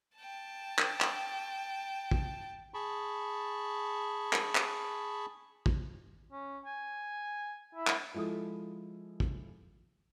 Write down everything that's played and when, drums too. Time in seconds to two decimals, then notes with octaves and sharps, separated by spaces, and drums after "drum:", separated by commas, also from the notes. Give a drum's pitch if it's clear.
0.17 G5 A5
0.79 drum: clap
1.01 drum: clap
2.11 drum: kick
2.74 G#4 A5 B5 C#6
4.33 drum: clap
4.55 drum: clap
5.66 drum: kick
6.32 C#4
6.66 G#5
7.75 E4
7.87 drum: clap
8.14 F3 G#3 E4 A4 D#6
9.20 drum: kick